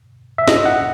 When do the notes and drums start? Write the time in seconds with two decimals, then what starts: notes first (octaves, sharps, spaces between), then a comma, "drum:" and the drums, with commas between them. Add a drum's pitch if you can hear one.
0.38 E5
0.48 D#5, drum: snare
0.65 F#5